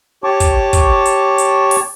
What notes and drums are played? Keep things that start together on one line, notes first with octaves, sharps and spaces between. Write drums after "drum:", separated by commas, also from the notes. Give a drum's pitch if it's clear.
G4 C#5 A5 C#6 D6
drum: kick, hi-hat
drum: kick, hi-hat
drum: hi-hat
drum: hi-hat
drum: open hi-hat